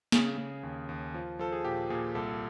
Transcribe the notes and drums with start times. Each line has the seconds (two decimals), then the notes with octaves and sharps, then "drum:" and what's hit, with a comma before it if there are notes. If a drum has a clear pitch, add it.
0.12 C#3 G#4, drum: snare
0.38 C#3
0.63 D#2
0.89 D#2
1.14 F3
1.39 F3 A4
1.52 G#4
1.64 A#2 G4
1.90 A#2 G#4
2.15 C2 A4